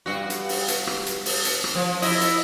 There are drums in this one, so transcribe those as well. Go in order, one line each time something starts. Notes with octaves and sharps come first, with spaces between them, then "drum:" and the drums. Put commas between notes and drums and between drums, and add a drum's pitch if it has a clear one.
G2 F#4
drum: hi-hat
drum: open hi-hat
drum: hi-hat
drum: rim click
drum: hi-hat
drum: open hi-hat
drum: hi-hat
drum: rim click
F3
E4 D#5, drum: open hi-hat
drum: hi-hat